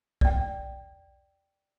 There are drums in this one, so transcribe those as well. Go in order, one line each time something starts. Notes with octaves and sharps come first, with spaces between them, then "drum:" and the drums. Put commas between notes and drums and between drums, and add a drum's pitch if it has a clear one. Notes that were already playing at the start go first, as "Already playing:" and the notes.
D5 G5, drum: kick B1